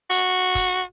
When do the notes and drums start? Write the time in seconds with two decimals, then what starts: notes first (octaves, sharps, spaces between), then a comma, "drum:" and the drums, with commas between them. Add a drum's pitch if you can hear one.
0.10 F#4, drum: hi-hat
0.55 drum: kick, hi-hat